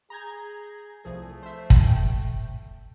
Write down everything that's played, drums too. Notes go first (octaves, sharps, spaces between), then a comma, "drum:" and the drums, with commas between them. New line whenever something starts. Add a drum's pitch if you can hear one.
G#4 A#5 G6 G#6
C2 F3 A3 G#4
C5 E5
drum: kick
G5